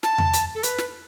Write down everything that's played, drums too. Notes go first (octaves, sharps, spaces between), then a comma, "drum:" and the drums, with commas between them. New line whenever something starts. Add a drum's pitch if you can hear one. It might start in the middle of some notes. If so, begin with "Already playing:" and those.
A5, drum: snare
drum: tom E2
drum: hi-hat
A4
B4, drum: hi-hat
drum: snare